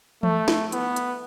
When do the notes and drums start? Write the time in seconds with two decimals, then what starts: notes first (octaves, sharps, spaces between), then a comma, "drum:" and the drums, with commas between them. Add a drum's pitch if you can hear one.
0.23 A3, drum: tom E3
0.48 drum: snare
0.72 B3, drum: hi-hat
0.96 drum: hi-hat